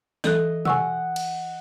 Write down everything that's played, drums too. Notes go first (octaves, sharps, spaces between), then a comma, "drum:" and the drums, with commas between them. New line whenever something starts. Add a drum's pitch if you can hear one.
E3 A4 D#5 F#6, drum: snare
F#5 G#5 C#6 E6, drum: tom
drum: cymbal